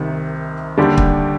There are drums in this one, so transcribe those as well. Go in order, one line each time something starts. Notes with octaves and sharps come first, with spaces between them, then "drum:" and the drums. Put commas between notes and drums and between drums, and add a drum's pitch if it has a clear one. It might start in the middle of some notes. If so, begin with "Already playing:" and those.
Already playing: C2 C3 D#3
D#2 D3 G3 D4 G4
drum: kick